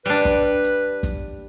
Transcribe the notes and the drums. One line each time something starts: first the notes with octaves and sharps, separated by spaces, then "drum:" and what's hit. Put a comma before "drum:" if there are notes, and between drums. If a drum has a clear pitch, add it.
G3 D4 B4
drum: kick
drum: hi-hat
drum: kick, hi-hat